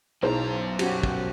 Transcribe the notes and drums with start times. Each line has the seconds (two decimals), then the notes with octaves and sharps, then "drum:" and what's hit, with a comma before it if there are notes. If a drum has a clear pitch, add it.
0.22 B1 F#2 D#4 E4 G#4 C5 A#5
0.79 C#4 F#4 G4, drum: cymbal
1.03 drum: kick